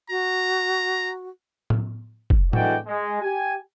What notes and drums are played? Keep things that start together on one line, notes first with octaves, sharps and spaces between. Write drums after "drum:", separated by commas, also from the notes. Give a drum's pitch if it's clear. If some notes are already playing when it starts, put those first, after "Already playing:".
F#4 A#5
drum: tom A2
drum: kick
D3 E3 G#3 F#4 D5 G5, drum: tom A2
G#3
G4 G#5